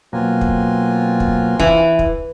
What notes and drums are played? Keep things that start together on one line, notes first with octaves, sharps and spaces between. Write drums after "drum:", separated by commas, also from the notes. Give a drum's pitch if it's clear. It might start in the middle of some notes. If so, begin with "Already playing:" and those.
B2 F#3 A#3 C4 F4 G#5
drum: kick
drum: kick
E3, drum: kick
drum: kick